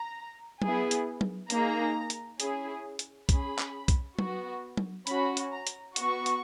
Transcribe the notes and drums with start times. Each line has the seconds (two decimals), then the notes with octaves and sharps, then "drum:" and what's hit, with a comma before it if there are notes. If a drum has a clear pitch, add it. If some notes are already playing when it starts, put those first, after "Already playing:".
Already playing: A#5
0.62 B3 E4 G#4, drum: tom F#3
0.91 drum: hi-hat
1.21 drum: tom F#3
1.50 A#3 D#4 G#4 A#5, drum: hi-hat
2.10 drum: hi-hat
2.40 C#4 E4 G#4, drum: hi-hat
2.99 drum: hi-hat
3.29 C#4 G#4 B5, drum: kick B1, hi-hat
3.59 drum: clap
3.88 drum: kick B1, hi-hat
4.19 B3 F#4, drum: tom F#3
4.77 drum: tom F#3
5.07 C#4 F#4 B5, drum: hi-hat
5.37 drum: hi-hat
5.52 A#5
5.67 drum: hi-hat
5.96 B3 F#4 C#6, drum: hi-hat
6.26 drum: hi-hat